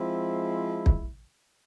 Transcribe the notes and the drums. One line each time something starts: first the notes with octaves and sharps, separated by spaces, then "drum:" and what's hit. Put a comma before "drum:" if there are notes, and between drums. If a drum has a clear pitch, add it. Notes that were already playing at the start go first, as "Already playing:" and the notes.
Already playing: F3 G#3 C4 E4
drum: kick